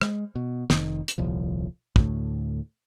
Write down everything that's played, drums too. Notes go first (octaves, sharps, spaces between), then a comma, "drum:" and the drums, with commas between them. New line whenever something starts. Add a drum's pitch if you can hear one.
G#3, drum: rim click
B2
F1 D#3, drum: snare
drum: hi-hat
D#1 C2 F3
D2 A2, drum: kick